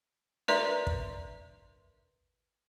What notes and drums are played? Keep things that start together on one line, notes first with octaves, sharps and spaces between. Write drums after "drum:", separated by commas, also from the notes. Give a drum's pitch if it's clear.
A#4 B4 D5 E5 A#5 C6, drum: snare D4
drum: kick